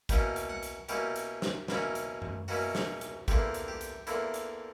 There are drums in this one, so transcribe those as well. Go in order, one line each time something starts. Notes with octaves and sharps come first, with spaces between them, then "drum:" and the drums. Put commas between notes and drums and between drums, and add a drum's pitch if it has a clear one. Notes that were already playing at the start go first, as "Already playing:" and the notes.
B2 A#3 C#4 E4 G5, drum: kick, hi-hat
drum: hi-hat
F#5
drum: hi-hat
B2 A#3 C#4 E4 G4, drum: hi-hat
drum: hi-hat
drum: snare
B2 A#3 C#4 E4, drum: snare
drum: hi-hat
drum: tom F#2
B2 A#3 C#4 E4 F#4, drum: open hi-hat
drum: snare
drum: hi-hat
E2 D3 A#3 E4 G4, drum: kick, hi-hat
drum: hi-hat
G4
drum: hi-hat
E2 D3 A#3 E4, drum: hi-hat
drum: hi-hat